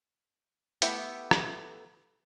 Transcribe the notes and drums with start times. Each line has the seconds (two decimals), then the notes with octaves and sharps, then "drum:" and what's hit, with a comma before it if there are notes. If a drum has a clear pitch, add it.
0.82 A3 B3 E4 G4 A4, drum: hi-hat
1.31 drum: rim click